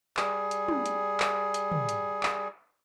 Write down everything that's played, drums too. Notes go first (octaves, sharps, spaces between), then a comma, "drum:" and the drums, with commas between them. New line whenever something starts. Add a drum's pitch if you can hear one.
G3 G#4, drum: clap
drum: hi-hat
drum: tom
drum: hi-hat
drum: clap
drum: hi-hat
drum: tom
drum: hi-hat
drum: clap